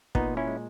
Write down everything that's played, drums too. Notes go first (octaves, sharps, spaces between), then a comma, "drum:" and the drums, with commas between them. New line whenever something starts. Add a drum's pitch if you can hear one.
A#2 B3 D#4, drum: kick
C#4 E4
G#3